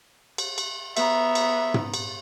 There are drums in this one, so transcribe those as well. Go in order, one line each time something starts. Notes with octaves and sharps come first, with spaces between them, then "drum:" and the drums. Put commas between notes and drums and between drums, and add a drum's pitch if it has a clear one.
drum: cymbal
drum: cymbal
B3 E5 A#5, drum: cymbal
drum: cymbal
drum: tom
drum: cymbal